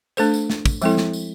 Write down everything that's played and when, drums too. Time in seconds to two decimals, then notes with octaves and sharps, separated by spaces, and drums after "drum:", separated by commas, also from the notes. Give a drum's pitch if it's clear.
0.17 A3 D4 A4 C5, drum: tambourine
0.34 drum: tambourine
0.50 drum: snare
0.66 drum: kick, tambourine
0.82 F3 G#3 C4 E4 A4, drum: tambourine
0.97 drum: snare
1.13 drum: tambourine